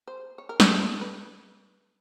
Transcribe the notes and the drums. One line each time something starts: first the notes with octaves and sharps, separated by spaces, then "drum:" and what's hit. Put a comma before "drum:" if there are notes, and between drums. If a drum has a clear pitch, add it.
C5
C#5
A#4
A4, drum: snare
A4
B4